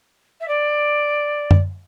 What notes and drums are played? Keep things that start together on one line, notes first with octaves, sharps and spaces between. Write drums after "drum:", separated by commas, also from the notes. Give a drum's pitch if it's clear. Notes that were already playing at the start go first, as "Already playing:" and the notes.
E5
D5
drum: tom F#2